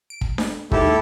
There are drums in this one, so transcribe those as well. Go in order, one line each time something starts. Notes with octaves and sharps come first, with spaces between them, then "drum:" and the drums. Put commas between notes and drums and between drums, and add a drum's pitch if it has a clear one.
D7
drum: kick
drum: snare D4
D#2 G#2 E4 G4 A4, drum: kick